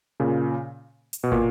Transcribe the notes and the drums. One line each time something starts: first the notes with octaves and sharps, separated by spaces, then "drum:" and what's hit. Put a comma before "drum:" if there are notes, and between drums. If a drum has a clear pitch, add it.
A#2 C#3
drum: hi-hat
B2
A#2, drum: kick